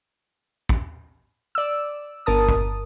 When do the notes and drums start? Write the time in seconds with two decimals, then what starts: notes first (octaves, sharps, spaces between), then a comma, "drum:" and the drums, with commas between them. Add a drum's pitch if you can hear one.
0.69 drum: kick
1.55 D5 E6
2.26 G1 A#4 A5 D#6
2.49 drum: kick